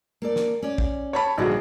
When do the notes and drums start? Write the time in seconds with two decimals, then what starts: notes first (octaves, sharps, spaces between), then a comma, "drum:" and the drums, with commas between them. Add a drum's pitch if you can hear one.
0.22 A#3 A4 D5
0.36 drum: snare
0.62 C#4 D5
0.78 drum: kick
1.13 C#5 A5 B5
1.38 A#1 D3 G3 D#4 F#4 G#4